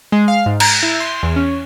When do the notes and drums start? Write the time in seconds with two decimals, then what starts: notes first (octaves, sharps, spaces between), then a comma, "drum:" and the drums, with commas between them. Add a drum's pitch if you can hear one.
0.12 G#3
0.28 F5
0.46 G#2
0.60 A#5, drum: cymbal
0.83 E4
1.00 C6
1.23 E2
1.36 C#4